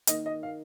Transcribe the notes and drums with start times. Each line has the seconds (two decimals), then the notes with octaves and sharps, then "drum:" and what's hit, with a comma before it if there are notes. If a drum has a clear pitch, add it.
0.07 D#3 A#3 D#4 D#5, drum: hi-hat
0.26 D#5
0.43 F5